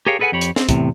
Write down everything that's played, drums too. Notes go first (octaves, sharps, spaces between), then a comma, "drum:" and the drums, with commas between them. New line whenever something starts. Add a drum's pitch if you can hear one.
G4 G#4 A#4 C#5 F5 G5
G#4 A4 B4 D#5 F#5 G#5
F2 G4 C#5 B5
drum: hi-hat
C4, drum: snare
E2 A2 C3, drum: kick, hi-hat